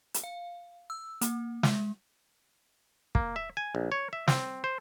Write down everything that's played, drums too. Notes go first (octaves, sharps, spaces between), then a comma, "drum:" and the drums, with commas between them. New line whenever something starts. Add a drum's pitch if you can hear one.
drum: hi-hat
F5
E6
A#3, drum: hi-hat
G#3, drum: snare
A#3, drum: kick
E5
G#5
A#1
C#5
E5
C4, drum: snare
C5